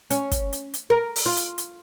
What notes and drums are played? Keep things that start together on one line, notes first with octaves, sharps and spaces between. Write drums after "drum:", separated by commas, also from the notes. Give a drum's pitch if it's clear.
C#4, drum: hi-hat
drum: kick, hi-hat
drum: hi-hat
drum: hi-hat
A#4
drum: open hi-hat
F4
drum: hi-hat
drum: hi-hat